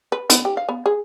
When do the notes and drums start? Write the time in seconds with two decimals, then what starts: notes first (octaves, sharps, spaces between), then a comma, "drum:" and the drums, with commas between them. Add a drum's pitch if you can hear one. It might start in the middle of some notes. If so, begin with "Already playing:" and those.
0.12 B4
0.30 B3, drum: hi-hat
0.45 G4
0.57 F5
0.69 B3
0.86 G#4